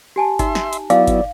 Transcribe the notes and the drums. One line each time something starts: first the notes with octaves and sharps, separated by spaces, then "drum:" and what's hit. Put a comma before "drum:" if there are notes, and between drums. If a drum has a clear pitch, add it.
G4 G#5 A5
D#4 E5 C6, drum: kick G1, hi-hat
drum: snare
drum: hi-hat
F#3 B3 E4 D5 F5, drum: hi-hat
drum: kick G1, hi-hat